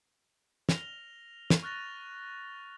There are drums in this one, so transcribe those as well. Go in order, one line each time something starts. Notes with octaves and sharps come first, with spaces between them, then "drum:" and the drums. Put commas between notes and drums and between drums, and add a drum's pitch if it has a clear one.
F6 A#6 F7 G7, drum: snare
drum: snare
C#6 F6 F#6 A6 A#6 F7